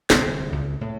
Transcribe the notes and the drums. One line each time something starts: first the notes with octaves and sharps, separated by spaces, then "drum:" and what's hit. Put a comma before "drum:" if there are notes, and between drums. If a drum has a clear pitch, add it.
D1 C2 D3 C4, drum: snare
C#2
A2